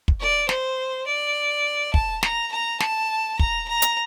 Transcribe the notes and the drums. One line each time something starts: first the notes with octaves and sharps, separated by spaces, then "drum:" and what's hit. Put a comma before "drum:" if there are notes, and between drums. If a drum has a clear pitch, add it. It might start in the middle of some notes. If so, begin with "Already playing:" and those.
drum: kick
D5
C5, drum: snare
D5
A5, drum: kick
A#5, drum: snare
A#5
A5, drum: snare
A#5, drum: kick
A#5
drum: hi-hat